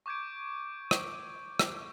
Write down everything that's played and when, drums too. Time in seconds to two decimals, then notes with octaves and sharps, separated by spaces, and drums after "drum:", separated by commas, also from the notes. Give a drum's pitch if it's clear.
0.06 C#6 D6 G6 G#6 D7
0.91 drum: rim click
1.59 drum: rim click